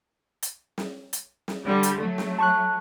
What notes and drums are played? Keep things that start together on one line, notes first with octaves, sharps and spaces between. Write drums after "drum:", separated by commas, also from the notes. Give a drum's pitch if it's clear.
drum: hi-hat
drum: snare
drum: hi-hat
drum: snare
D3 G3
drum: hi-hat
F#3 A3
drum: snare
A5 C#6 F#6